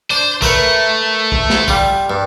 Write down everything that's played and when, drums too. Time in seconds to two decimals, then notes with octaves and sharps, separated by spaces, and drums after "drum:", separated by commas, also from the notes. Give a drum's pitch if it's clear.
0.11 D4 C5
0.42 A3 A#4 B4 C#5, drum: kick
1.32 drum: kick
1.50 drum: snare
1.68 G3 F4, drum: kick
2.10 G2